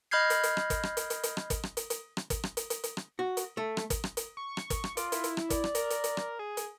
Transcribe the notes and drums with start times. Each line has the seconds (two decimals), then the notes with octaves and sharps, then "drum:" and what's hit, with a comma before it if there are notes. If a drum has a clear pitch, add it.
0.11 D#5 B5 F6 G6 G#6 C7
0.30 drum: hi-hat
0.43 drum: hi-hat
0.57 drum: rim click
0.70 drum: kick, hi-hat
0.83 drum: rim click
0.97 drum: hi-hat
1.10 drum: hi-hat
1.23 drum: hi-hat
1.37 drum: rim click
1.50 drum: kick, hi-hat
1.63 drum: rim click
1.77 drum: hi-hat
1.90 drum: hi-hat
2.17 drum: rim click
2.30 drum: kick, hi-hat
2.43 drum: rim click
2.57 drum: hi-hat
2.70 drum: hi-hat
2.84 drum: hi-hat
2.97 drum: rim click
3.19 F#4
3.37 drum: hi-hat
3.57 A3
3.77 drum: rim click
3.90 drum: kick, hi-hat
4.04 drum: rim click
4.17 drum: hi-hat
4.37 C#6
4.57 drum: rim click
4.70 drum: kick, hi-hat
4.84 drum: rim click
4.97 F4 D5, drum: hi-hat
5.12 E4, drum: hi-hat
5.24 drum: hi-hat
5.37 drum: rim click
5.50 D5, drum: kick, hi-hat
5.64 drum: rim click
5.75 A#4, drum: hi-hat
5.90 drum: hi-hat
6.04 drum: hi-hat
6.17 drum: rim click
6.39 G#4
6.57 drum: hi-hat